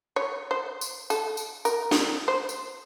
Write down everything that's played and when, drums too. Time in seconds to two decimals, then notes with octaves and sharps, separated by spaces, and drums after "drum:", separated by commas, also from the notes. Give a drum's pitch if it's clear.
0.16 C#5
0.51 C5
0.81 drum: tambourine
1.10 A4, drum: tambourine
1.37 drum: tambourine
1.65 A#4, drum: tambourine
1.91 D#3, drum: snare
2.28 C5
2.49 drum: tambourine